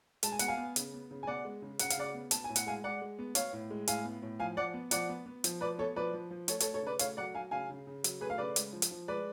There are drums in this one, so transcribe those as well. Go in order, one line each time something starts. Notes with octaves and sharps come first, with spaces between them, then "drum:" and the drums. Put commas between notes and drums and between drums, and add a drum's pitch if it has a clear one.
G#3 A5, drum: hi-hat
G#5
B3 F#5, drum: hi-hat
F5 G#5
B3
C#3, drum: hi-hat
B3
C#3
G#5
B3 D5 F#5
G#3
C#3
C#3 F#5, drum: hi-hat
F5, drum: hi-hat
C#3 D5 F#5
B3
B3 A5, drum: hi-hat
A2 G#5
F#5, drum: hi-hat
G#3 F5 G#5
G#3 D5 F#5
G#3
B3
B3 C#5 F5, drum: hi-hat
A2
G#3
A2 F5 G#5, drum: hi-hat
B3
A2
F3 F5 G#5
F3 D5 F#5
B3
F3 D5 F#5, drum: hi-hat
B3
B3
F3, drum: hi-hat
F3 B4 D5
B3 A4 C#5
F3 B4 D5
F3
F3
A3 A4 C#5, drum: hi-hat
A4 C#5, drum: hi-hat
A3
A4 C#5
C#3 B4 D5
A3 C#5 F5, drum: hi-hat
F#3 D5 F#5
F#3 F5 G#5
C#3 F5 G#5
C#3
C#3
F#3, drum: hi-hat
A3 G#4 B4
F5
C#3 B4 D5
G#3, drum: hi-hat
F3
drum: hi-hat
F3
G#3 B4 D5